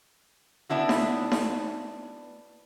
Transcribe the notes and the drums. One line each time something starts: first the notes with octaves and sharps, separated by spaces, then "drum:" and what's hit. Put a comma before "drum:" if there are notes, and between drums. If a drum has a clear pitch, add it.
B3 D4 E4 F#4
drum: snare D#4
drum: snare D#4